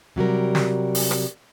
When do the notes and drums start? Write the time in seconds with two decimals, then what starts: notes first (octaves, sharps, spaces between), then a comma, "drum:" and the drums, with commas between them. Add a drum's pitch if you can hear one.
0.16 C3 F#3 G3 A#4
0.55 drum: snare
0.95 drum: open hi-hat
1.11 drum: rim click